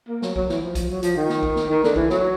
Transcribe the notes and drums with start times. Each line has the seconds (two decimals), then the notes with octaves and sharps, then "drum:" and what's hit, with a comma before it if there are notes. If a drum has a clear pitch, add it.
0.08 A#3
0.22 F#3, drum: snare
0.36 F#3, drum: kick
0.49 E3, drum: snare
0.62 F3
0.75 F3, drum: kick, hi-hat
0.90 F#3
1.03 F3, drum: hi-hat
1.16 D#3
1.29 drum: snare
1.43 drum: kick
1.56 drum: snare
1.69 D#3
1.84 D3, drum: snare
1.96 E3, drum: kick
2.10 F#3, drum: snare